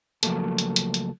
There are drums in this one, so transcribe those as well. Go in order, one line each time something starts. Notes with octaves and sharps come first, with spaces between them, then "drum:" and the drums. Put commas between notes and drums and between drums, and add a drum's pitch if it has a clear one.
C#2 F3 F#3 A3 A#3 A4, drum: hi-hat
drum: hi-hat
drum: hi-hat
drum: hi-hat